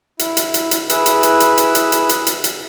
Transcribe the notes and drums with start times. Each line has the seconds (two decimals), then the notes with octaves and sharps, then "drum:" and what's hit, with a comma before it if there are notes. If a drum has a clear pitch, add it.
0.19 E4, drum: hi-hat
0.37 drum: hi-hat
0.54 drum: hi-hat
0.71 drum: hi-hat
0.90 E4 G#4 B4 E6, drum: hi-hat
1.06 drum: hi-hat
1.23 drum: hi-hat
1.40 drum: hi-hat
1.57 drum: hi-hat
1.75 drum: hi-hat
1.92 drum: hi-hat
2.09 drum: hi-hat
2.27 drum: hi-hat
2.44 drum: hi-hat